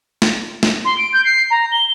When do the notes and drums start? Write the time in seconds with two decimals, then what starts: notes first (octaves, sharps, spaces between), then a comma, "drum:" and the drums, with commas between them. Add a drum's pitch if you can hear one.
0.22 drum: snare
0.63 drum: snare
0.85 C6
0.98 D7
1.13 G6
1.24 C7
1.50 A#5
1.72 G7